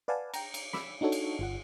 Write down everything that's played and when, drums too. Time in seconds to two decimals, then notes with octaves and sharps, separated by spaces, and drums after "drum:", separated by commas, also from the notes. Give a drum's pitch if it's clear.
0.08 B4 D5 F5 F#5 G#5 A5
0.34 G5 A#5, drum: cymbal
0.54 drum: cymbal
0.73 B5 D6 E6, drum: snare
1.01 D4 D#4 F#4 A4 C#5
1.12 drum: cymbal
1.39 G1 F4 F#5